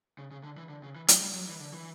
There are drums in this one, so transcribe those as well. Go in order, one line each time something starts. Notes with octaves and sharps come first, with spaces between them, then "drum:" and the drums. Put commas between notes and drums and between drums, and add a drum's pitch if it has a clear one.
C#3
C#3
D3
E3
D3
C#3
E3
F#3, drum: hi-hat
G3
F#3
E3
D3
E3